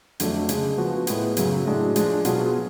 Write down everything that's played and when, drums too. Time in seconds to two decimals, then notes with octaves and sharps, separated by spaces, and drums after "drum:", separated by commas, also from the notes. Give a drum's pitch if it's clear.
0.20 F2 D3 F#3 A3 D4, drum: hi-hat
0.49 C#3 G#3 D4, drum: hi-hat
0.78 F3 B3 F#4
1.07 A2 G#3 B3, drum: hi-hat
1.37 F#2 C#3 F#3, drum: hi-hat
1.66 A2 G#3 D4 F#4
1.96 F3 G#3 D4, drum: hi-hat
2.25 B2 F#3 B3 F4 G#4, drum: hi-hat